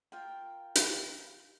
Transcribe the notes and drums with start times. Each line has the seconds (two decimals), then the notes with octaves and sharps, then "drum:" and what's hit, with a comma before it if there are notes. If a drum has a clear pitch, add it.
0.12 F4 A#4 G5
0.75 drum: hi-hat